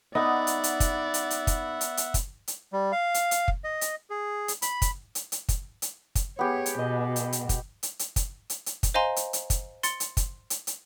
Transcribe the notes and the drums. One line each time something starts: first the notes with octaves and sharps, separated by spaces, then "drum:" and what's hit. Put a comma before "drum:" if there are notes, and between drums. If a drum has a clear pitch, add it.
B3 D#4 D5 E5 F#5
drum: hi-hat
drum: hi-hat
drum: kick, hi-hat
drum: hi-hat
drum: hi-hat
drum: kick, hi-hat
drum: hi-hat
drum: hi-hat
drum: kick, hi-hat
drum: hi-hat
G3
F5
drum: hi-hat
drum: hi-hat
drum: kick
D#5
drum: hi-hat
G#4
drum: hi-hat
B5, drum: hi-hat
drum: kick, hi-hat
drum: hi-hat
drum: hi-hat
drum: kick, hi-hat
drum: hi-hat
drum: kick, hi-hat
B3 G4 G#4 C#5
drum: hi-hat
B2 D#5
drum: hi-hat
drum: hi-hat
drum: kick, hi-hat
drum: hi-hat
drum: hi-hat
drum: kick, hi-hat
drum: hi-hat
drum: hi-hat
drum: kick, hi-hat
C5 D#5 F5 G#5 A#5 C6
drum: hi-hat
drum: hi-hat
drum: kick, hi-hat
C6 A6 C#7, drum: hi-hat
drum: hi-hat
drum: kick, hi-hat
drum: hi-hat
drum: hi-hat